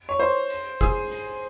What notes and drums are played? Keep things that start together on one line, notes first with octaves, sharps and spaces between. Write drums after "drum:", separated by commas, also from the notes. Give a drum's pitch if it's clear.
C#5
C5
drum: hi-hat
G#4, drum: kick F1
drum: hi-hat